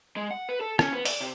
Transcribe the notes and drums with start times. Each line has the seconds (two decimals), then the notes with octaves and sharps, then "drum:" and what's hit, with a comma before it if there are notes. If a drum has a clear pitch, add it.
0.16 G#3
0.31 F#5
0.49 B4
0.61 A4
0.79 C#4, drum: rim click
0.93 B3
1.05 D5, drum: open hi-hat
1.20 C3